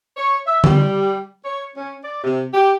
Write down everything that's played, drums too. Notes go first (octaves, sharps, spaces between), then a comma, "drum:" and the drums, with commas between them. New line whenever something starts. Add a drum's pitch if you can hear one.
C#5
E5
G3, drum: tom D3
C#5
C#4
D5
C3
G4